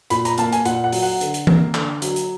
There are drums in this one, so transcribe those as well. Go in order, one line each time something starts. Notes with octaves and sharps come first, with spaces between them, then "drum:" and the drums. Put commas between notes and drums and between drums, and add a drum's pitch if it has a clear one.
A#2 B5, drum: hi-hat
A#5, drum: hi-hat
A#3 A5, drum: hi-hat
G#5, drum: hi-hat
A#2 F#5, drum: hi-hat
F#5
F#3, drum: open hi-hat
F#5
D3, drum: hi-hat
drum: hi-hat
A#3, drum: tom E3
D3, drum: clap
F#3, drum: hi-hat
drum: hi-hat